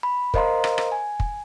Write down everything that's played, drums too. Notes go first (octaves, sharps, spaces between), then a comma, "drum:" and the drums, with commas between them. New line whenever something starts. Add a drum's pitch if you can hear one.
B5
A#4 C5 D#5 F5 A#5 C6, drum: kick
drum: rim click
drum: rim click
G#5
drum: kick